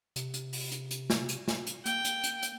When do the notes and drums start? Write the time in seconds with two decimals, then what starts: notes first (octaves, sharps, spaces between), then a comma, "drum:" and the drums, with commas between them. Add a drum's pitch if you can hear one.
0.16 C3, drum: hi-hat
0.34 drum: hi-hat
0.53 drum: open hi-hat
0.72 drum: hi-hat
0.91 drum: hi-hat
1.10 drum: snare
1.29 drum: hi-hat
1.48 drum: snare
1.67 drum: hi-hat
1.86 A#3 G5, drum: hi-hat
2.05 drum: hi-hat
2.24 drum: hi-hat
2.43 drum: hi-hat